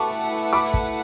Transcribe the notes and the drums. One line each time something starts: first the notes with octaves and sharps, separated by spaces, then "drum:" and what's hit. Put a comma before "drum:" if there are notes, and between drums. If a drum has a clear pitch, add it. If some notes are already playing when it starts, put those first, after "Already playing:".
Already playing: A3 E4 B4 F#5 A5 C#6 D6
B5 D6
drum: kick